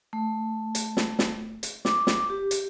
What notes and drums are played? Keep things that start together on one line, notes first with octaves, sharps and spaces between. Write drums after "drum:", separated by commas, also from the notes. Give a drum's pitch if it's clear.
A3
drum: hi-hat
drum: snare
drum: snare
drum: hi-hat
D6, drum: snare
drum: snare
G4
drum: hi-hat